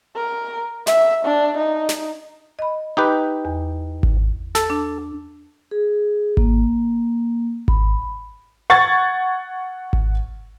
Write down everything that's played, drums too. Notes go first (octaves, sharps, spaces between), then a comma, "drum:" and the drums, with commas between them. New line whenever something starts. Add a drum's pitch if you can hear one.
A#4
E5, drum: snare
D4
D#4
drum: snare
D#5 B5
D#4 G4 B4
E2
drum: kick G#1
A4, drum: snare
D4
G#4
A#3, drum: kick G#1
B5, drum: kick G#1
F#5 C#6 G#6 A6
drum: kick G#1